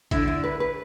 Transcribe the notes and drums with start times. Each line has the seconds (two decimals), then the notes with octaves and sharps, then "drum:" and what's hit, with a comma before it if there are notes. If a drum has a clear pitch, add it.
0.11 D3 E4, drum: kick G#1, hi-hat
0.28 E4
0.44 B4
0.60 B4